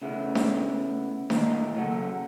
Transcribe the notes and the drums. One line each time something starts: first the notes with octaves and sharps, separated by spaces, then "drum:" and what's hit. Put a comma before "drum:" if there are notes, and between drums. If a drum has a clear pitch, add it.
C#3 A3 B3 E4
drum: snare D4
D#2 A2 A#3 D#5 A#5, drum: snare D4
C#3 F#3 A4 F#5